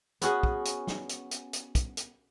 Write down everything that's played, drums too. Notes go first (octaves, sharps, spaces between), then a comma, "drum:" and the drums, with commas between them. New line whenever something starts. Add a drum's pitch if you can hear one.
B3 C#4 F#4 G#4, drum: hi-hat
drum: kick
drum: hi-hat
drum: snare
drum: hi-hat
drum: hi-hat
drum: hi-hat
drum: kick, hi-hat
drum: hi-hat